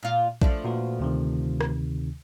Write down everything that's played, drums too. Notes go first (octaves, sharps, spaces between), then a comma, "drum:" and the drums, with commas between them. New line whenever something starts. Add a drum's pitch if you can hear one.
A#2 F4
F3 A3 D4, drum: kick A#1
A#2 F#4 B4
D2 C3 D#3
drum: rim click